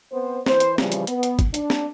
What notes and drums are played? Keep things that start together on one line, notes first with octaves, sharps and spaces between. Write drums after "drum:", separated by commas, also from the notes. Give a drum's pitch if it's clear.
B3 C4 C5
E3 E4 C5, drum: snare
drum: hi-hat
C#3 E3 F3 G3, drum: snare
drum: hi-hat
B3, drum: hi-hat
drum: hi-hat
drum: kick, hi-hat
D4, drum: hi-hat
drum: snare